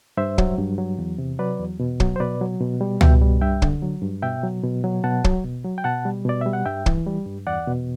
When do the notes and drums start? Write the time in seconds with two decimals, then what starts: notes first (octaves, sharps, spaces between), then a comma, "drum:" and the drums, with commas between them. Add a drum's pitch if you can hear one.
0.17 G2 C5 E5
0.38 F#3, drum: kick
0.58 G2
0.78 F#3
0.99 E2
1.18 C3
1.39 F#3 B4 D5
1.59 E2
1.80 B2
2.00 F#3, drum: kick
2.16 C5
2.20 B2 B4 D5
2.41 F#3
2.61 B2
2.81 G3
3.01 B2 E5 G5, drum: tom
3.21 G3
3.41 G2 E5 G5
3.62 D3, drum: kick
3.82 F#3
4.02 G2
4.22 B2 E5 G5
4.44 F#3
4.63 B2
4.84 F#3
5.04 B2 F#5 A5
5.24 F#3, drum: kick
5.44 B2
5.65 F#3
5.78 G5
5.84 B2 F#5 A5
6.05 G3
6.25 B2 D5
6.41 G3 E5
6.53 F#5
6.66 G2 E5 G5
6.86 E3, drum: kick
7.07 G3
7.26 G2
7.47 E2 D5 F#5
7.67 B2